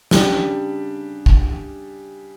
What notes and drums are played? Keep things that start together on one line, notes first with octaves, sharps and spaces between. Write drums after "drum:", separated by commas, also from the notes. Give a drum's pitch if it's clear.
C#3 G3 D4 G4 D5, drum: snare
drum: kick